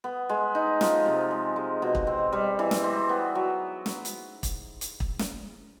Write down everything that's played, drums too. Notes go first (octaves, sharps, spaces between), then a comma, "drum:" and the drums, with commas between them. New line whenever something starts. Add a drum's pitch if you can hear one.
B3
G#3
D#4
F3, drum: snare
C3
G#3
G#3
B2
drum: kick
C4
G3
E3
drum: snare
C4
B3
F#3
drum: snare
drum: hi-hat
drum: kick, hi-hat
drum: hi-hat
drum: kick
drum: snare